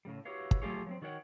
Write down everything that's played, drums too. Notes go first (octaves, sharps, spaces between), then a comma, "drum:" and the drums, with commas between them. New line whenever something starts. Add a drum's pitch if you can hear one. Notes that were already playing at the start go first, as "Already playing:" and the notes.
A2 C#3 G3
E4 F#4 G4 B4 C#5 F5
drum: kick
F#3 A3 F4 G4 G#4 C#5
F#3 B3 C4
D#3 F#4 A#4 C#5 F#5 G5